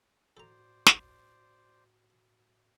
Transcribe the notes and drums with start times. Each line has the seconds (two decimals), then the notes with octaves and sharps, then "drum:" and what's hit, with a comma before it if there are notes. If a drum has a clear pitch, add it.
0.37 A2 F#4 A4 C5 D5 A#5
0.86 drum: snare